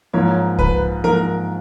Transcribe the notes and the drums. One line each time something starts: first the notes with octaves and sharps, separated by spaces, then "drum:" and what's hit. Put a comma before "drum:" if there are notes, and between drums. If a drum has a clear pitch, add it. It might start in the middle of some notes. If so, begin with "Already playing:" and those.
G#2 F3 A#3 C#5
B4, drum: kick C2
G#2 F3 A#3 A#4